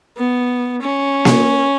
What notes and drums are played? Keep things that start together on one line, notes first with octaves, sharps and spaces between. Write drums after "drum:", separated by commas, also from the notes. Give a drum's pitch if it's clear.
B3
C#4
drum: snare A#3